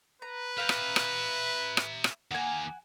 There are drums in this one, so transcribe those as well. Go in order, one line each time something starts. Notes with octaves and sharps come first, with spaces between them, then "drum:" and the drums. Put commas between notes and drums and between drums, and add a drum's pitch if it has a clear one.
B4 A#5
E5 F5 G5 A#5
drum: rim click
drum: rim click
drum: rim click
drum: rim click
D#2 A#3 F#5 G#5